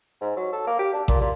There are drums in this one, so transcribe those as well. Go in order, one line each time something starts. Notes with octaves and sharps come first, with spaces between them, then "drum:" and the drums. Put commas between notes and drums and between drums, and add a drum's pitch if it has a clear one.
G#2
F#3
A4
A#3
G4
D4
A#2, drum: kick A1
A#2